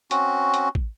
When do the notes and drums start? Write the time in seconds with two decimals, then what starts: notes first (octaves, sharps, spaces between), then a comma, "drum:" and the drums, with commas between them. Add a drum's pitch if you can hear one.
0.11 C4 C#4 F#4, drum: hi-hat
0.54 drum: hi-hat
0.75 drum: kick